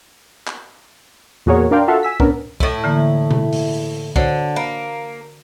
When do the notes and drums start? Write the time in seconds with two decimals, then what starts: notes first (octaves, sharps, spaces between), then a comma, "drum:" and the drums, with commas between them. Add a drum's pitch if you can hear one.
0.47 drum: clap
1.46 E2 A#2 F#4 G#4 A#4 C#5
1.71 D4 A#4 D5 F5 G5 C6
1.88 F4 F#4 A4 E5 F5
2.03 G#5 E6 B6
2.20 B3 C#4 D4 A#4, drum: kick C2
2.60 A2 E4, drum: kick C2
2.84 D3 E3 A#3
3.31 drum: tom B2
3.53 drum: open hi-hat
4.16 D3 F#4 C5 C#5, drum: kick C2
4.56 A#3 B5